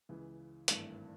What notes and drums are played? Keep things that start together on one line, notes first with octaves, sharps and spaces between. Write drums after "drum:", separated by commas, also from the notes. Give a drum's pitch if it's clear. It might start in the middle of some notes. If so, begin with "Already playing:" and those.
C#2 C#3 E3
G#1 G2 E3 A3, drum: hi-hat